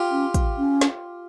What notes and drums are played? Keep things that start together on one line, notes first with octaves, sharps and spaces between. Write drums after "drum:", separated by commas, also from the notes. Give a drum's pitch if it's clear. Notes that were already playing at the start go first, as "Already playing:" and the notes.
Already playing: F4 G4
C#4
drum: kick, hi-hat
C#4
drum: snare